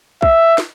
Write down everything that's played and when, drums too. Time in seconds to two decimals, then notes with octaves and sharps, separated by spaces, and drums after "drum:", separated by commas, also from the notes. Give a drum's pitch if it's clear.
0.22 E5, drum: kick
0.58 drum: snare